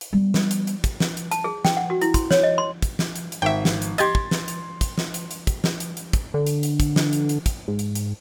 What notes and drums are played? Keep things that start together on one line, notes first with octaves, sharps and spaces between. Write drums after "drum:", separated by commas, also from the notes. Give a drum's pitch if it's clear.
drum: hi-hat
G3 B3
drum: snare
drum: hi-hat
drum: hi-hat
drum: kick, hi-hat
drum: snare
drum: hi-hat
A5, drum: hi-hat
G#4
G5, drum: snare
F#5
F#4
E4, drum: hi-hat
C6, drum: kick, hi-hat
C#5, drum: snare
D#5
C6
drum: kick, hi-hat
drum: snare
drum: hi-hat
drum: hi-hat
G#1 E5 G5
drum: snare
drum: hi-hat
G4 D#5 C6 G#6 A6, drum: hi-hat
drum: kick
drum: snare
drum: hi-hat
drum: kick, hi-hat
drum: snare
drum: hi-hat
drum: hi-hat
drum: kick, hi-hat
drum: snare
drum: hi-hat
drum: hi-hat
drum: kick, hi-hat
D3
drum: hi-hat
drum: hi-hat
drum: kick, hi-hat
drum: snare
drum: hi-hat
drum: hi-hat
drum: kick, hi-hat
G#2
drum: hi-hat
drum: hi-hat